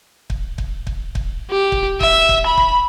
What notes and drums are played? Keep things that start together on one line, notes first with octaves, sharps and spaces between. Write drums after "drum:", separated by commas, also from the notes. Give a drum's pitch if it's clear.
drum: kick
drum: kick
drum: kick
drum: kick
G4
drum: kick
E5, drum: kick
drum: kick
B5
drum: kick